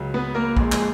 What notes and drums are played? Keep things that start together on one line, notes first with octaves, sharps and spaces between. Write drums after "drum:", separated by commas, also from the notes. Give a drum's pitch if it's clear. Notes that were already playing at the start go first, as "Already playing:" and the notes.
Already playing: C#2 C#3 F#3
B3 B4
A#3 A#4
A#1 A#2 G#3, drum: kick A#1
G#3 G#4, drum: clap